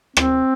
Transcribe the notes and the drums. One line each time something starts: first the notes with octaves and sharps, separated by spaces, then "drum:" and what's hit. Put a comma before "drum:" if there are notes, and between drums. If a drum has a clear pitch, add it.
C4, drum: rim click